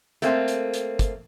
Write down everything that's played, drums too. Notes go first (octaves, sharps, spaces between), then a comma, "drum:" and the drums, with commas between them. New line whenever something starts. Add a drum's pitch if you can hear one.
A3 A#3 C4, drum: hi-hat
drum: hi-hat
drum: hi-hat
drum: kick, hi-hat